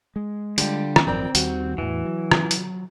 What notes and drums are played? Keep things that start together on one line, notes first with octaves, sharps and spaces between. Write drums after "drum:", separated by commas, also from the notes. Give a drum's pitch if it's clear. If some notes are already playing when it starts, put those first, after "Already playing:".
G#3
D3 G3 F4 G4, drum: hi-hat
drum: rim click
G#1 F#2 F3 C4 A#4 D5 G5
D#2 D#3 G3 F#4, drum: hi-hat
E2 A2 E3
F#3
drum: rim click
drum: hi-hat